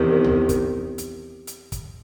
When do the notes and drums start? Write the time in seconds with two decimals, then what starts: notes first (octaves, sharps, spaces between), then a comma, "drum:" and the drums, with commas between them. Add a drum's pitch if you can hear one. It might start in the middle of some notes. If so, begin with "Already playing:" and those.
Already playing: E2 C3 D#3
0.24 drum: tom C2
0.49 drum: kick, hi-hat
0.98 drum: hi-hat
1.47 drum: hi-hat
1.72 drum: kick, hi-hat